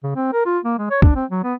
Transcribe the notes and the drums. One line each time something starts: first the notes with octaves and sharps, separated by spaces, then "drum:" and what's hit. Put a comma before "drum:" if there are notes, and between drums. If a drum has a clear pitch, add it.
C#3
C4
A#4
F4
A#3
G#3
C#5
D4, drum: kick
C4
F#3
B3